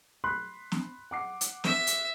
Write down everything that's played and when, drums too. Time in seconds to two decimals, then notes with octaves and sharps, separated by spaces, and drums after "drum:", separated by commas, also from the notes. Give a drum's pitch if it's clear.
0.24 B5 C6 F#6
0.72 drum: snare
1.11 F#5 D6 C7
1.41 drum: hi-hat
1.64 E5, drum: snare
1.87 drum: hi-hat